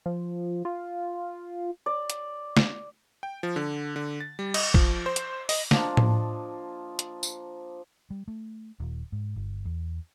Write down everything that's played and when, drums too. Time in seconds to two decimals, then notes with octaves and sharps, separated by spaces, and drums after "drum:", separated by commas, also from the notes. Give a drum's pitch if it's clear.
0.06 F3
0.65 F4
1.86 D5
2.10 drum: hi-hat
2.57 drum: snare
3.23 G5
3.43 F3
3.56 D3
3.96 D3
4.20 A6
4.39 G3
4.54 D#5, drum: cymbal
4.74 F3, drum: kick
5.06 C5
5.16 drum: hi-hat
5.49 D#5, drum: open hi-hat
5.71 F3 A#3 D4 D#5, drum: snare
5.97 drum: tom A2
6.99 drum: hi-hat
7.23 drum: tambourine
8.10 G3
8.28 A3
8.80 D#1
9.12 G#2
9.36 G1
9.65 E2